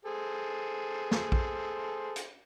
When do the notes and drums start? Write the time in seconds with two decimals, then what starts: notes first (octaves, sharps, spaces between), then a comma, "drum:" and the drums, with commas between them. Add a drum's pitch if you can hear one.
0.05 G#4 A4 C5
1.11 drum: snare
1.32 drum: kick A#1
2.16 drum: hi-hat